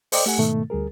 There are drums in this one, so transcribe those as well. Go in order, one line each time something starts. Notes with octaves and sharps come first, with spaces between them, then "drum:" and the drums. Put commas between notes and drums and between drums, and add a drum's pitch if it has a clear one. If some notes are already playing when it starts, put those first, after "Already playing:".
A4 C5 D5 D#5 G5 D6, drum: open hi-hat
A3 G4 F#5 G#5
G#2 B2 D#3 A3
D2 G3 G#4 A#4